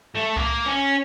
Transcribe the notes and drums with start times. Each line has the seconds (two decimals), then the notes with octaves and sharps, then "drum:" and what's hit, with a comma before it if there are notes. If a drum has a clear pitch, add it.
0.15 A3
0.36 A#3, drum: kick C2
0.66 C#4